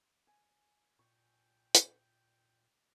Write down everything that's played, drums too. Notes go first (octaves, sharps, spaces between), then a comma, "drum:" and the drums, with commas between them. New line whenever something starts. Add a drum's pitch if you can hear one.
G#5
A#2 G5 C#6
drum: hi-hat